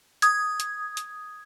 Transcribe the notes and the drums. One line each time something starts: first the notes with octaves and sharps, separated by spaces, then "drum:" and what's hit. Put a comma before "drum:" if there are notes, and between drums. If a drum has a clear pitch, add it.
D#6 G#6, drum: hi-hat
drum: hi-hat
drum: hi-hat